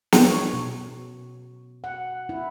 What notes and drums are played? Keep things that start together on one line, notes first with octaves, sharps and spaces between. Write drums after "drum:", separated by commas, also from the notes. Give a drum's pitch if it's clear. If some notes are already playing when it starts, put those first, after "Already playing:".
drum: snare
C#5
B2
F#5
E4